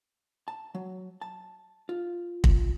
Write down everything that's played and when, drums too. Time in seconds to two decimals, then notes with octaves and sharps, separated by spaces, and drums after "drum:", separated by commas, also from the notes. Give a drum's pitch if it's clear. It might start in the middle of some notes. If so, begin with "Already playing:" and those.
0.48 A5
0.75 F#3
1.21 A5
1.89 F4
2.44 drum: kick